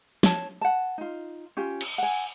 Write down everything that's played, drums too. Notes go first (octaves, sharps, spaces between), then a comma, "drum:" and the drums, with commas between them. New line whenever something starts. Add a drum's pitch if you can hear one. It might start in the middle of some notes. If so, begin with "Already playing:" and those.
C#5 A5, drum: snare
F#5 A5
D#4 F4
C#4 F4 G4
drum: cymbal
F#5 G#5